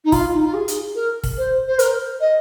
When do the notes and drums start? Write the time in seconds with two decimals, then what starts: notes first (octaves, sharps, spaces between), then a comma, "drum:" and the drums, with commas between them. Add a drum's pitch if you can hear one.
0.05 D#4
0.12 F4, drum: kick, open hi-hat
0.34 D#4
0.44 F4
0.54 G#4
0.68 drum: hi-hat
0.95 A#4
1.24 drum: kick, open hi-hat
1.38 C5
1.67 C5
1.79 A#4, drum: hi-hat
2.21 D#5